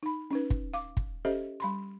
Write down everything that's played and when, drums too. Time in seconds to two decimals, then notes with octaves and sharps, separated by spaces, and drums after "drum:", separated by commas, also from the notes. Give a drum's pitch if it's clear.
0.03 D#4 B5
0.31 C#4 D#4 B4
0.50 drum: kick
0.74 F5 D6
0.97 drum: kick
1.25 C#4 G4 A4 C5 D#5 E5
1.60 G3 B5 C6